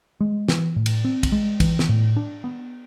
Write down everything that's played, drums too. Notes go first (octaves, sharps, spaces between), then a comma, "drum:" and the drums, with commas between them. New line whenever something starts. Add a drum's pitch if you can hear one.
G#3
E3, drum: snare
A2
drum: cymbal
C4
drum: kick, cymbal
G#3
E3, drum: kick, cymbal
drum: snare
A2
D4
B3